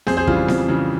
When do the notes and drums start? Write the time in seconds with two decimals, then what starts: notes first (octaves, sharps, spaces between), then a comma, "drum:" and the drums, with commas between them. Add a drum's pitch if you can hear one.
0.07 F2 G#4 C5, drum: snare B3
0.17 G#4 C5
0.27 C#3 E3 G3 F4, drum: kick
0.48 F2, drum: snare B3
0.68 C#3 E3 G3